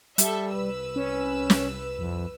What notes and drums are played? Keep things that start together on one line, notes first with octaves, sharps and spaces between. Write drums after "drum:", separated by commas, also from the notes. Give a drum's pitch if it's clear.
G3 A4 E5, drum: hi-hat
C2 B4 E6
C#4
drum: snare
F2